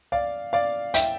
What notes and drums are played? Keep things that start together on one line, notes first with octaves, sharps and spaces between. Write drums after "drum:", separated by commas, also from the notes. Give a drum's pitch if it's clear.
D5 F5
D5 F5
E5 G5, drum: hi-hat